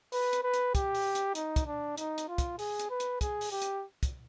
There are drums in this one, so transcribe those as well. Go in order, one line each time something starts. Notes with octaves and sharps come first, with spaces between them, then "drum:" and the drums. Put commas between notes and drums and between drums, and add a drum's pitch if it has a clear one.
B4, drum: open hi-hat
drum: hi-hat
B4
drum: hi-hat
G4, drum: kick, hi-hat
drum: open hi-hat
drum: hi-hat
D#4, drum: hi-hat
drum: kick, hi-hat
D4
D#4, drum: hi-hat
drum: hi-hat
F4
drum: kick, hi-hat
G#4, drum: open hi-hat
drum: hi-hat
B4
drum: hi-hat
G#4, drum: kick, hi-hat
drum: open hi-hat
G4
drum: hi-hat
drum: kick, hi-hat